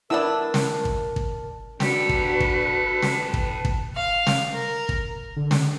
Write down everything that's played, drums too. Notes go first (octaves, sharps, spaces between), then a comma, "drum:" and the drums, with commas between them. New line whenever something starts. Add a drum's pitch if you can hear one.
A3 B3 D4 E4 A#4 E6
drum: snare
drum: kick
drum: kick
D4 F#4 G4 A4 B4, drum: snare
drum: kick
drum: kick
drum: snare
drum: kick
drum: kick
F5
drum: snare
A#4
drum: kick
D3
drum: snare